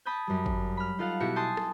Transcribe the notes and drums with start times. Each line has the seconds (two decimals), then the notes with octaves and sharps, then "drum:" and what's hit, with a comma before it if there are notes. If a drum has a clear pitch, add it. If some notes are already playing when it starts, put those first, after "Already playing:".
0.06 G5 A5 B5 D#6 G6 G#6
0.27 F#2 G3
0.46 drum: kick
0.77 B5 F6
0.99 D#4 F4 A4 F5 F#5
1.20 B2 B3 E4 F#4 G4 C#7
1.36 G#5 A5 C6 D#6 G6
1.57 drum: rim click